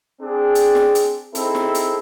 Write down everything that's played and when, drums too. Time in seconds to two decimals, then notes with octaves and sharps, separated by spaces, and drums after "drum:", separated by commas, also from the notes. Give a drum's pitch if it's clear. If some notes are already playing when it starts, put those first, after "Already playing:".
0.22 C4 D4 G#4
0.55 drum: hi-hat
0.75 drum: snare
0.95 drum: hi-hat
1.35 C4 D#4 E4 G#4 A4, drum: hi-hat
1.55 drum: snare
1.75 drum: hi-hat